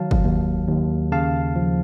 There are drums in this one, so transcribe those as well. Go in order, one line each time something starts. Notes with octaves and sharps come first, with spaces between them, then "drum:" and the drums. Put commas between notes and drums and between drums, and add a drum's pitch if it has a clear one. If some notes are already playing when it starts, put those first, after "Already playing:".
Already playing: D#3 F#3 F5 A5
drum: kick
D#2
D#2
C#3 F5 A5
F3